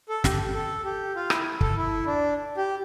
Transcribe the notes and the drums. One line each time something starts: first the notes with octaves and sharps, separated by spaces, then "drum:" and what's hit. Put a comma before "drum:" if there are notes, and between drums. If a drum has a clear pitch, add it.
A4
G4, drum: snare
A4
G4
F4
E4, drum: rim click
A4, drum: kick
E4
D4
G4